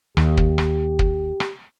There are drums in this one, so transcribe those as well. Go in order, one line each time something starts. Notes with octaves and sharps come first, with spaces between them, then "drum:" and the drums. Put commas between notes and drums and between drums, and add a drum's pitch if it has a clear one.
D#2 G4, drum: rim click
drum: kick
drum: rim click
drum: kick
drum: rim click